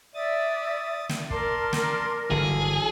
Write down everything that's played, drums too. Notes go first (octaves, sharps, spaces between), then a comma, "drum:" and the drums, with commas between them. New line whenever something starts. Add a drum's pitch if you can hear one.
D5 E5 D#6 A6
drum: snare
A#4 D5 A5 C6, drum: kick
drum: snare
G1 D3 E3 F#3 G#4 A4